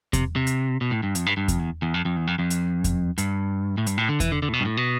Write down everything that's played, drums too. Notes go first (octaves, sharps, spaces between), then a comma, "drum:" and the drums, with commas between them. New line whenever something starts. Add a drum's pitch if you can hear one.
C3, drum: kick E2, hi-hat
C3
drum: hi-hat
B2
A2
G2
F2, drum: hi-hat
G2
G2
F2, drum: kick E2, hi-hat
E2
E2
F2
F2
E2
F2
F2
drum: hi-hat
drum: kick E2, hi-hat
G2, drum: hi-hat
A2
G2, drum: hi-hat
A2
D3
E3, drum: kick E2, hi-hat
D3
D3
A2
B2
G2
A2
B2